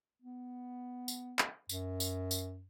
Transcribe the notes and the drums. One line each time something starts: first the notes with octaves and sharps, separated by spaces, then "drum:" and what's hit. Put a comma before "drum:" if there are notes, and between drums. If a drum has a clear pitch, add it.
B3
drum: tambourine
drum: clap
F#2, drum: tambourine
drum: tambourine
drum: tambourine